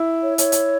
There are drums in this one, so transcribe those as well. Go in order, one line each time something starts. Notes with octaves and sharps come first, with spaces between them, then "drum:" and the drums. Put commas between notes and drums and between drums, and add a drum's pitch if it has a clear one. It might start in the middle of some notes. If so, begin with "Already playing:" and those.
Already playing: E4
C#5
C#5, drum: hi-hat
drum: hi-hat